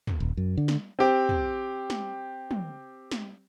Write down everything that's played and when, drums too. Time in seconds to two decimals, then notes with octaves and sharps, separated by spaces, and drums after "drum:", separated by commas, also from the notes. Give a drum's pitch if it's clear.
0.07 drum: tom
0.20 D#1
0.37 F#2
0.57 D3
0.68 drum: snare
0.99 C4 G4
1.29 drum: tom
1.90 drum: snare
2.51 drum: tom
3.11 drum: snare